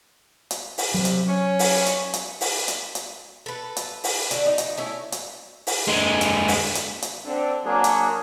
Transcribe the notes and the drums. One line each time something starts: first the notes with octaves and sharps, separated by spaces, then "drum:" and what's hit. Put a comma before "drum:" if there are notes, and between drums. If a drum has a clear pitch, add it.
drum: hi-hat
drum: open hi-hat
C3 F#3
drum: hi-hat
C#4
drum: open hi-hat
drum: hi-hat
drum: hi-hat
drum: open hi-hat
drum: hi-hat
drum: hi-hat
A4 B4
drum: hi-hat
drum: open hi-hat
D3 F#4, drum: hi-hat
D#4
drum: hi-hat
A3 C#4 E4
drum: hi-hat
drum: open hi-hat
D3 G#3
drum: hi-hat
drum: open hi-hat
drum: hi-hat
drum: hi-hat
D3 C4 D4
F#3 A#3 D4 G#4
drum: hi-hat